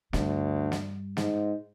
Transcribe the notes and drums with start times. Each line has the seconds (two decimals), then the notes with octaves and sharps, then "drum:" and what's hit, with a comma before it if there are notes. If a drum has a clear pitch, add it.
0.13 D2 G2 G3, drum: snare
0.72 drum: snare
1.17 G#2, drum: snare